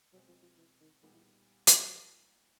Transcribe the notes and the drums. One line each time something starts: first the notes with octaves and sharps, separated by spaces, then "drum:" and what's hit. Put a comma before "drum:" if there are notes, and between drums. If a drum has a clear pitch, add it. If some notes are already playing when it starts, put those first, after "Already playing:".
B2 F#3 G#3 C4
F3
F3
E3
D#3
A#2 D#3 G3 B3 D#4 G#4
E3
drum: hi-hat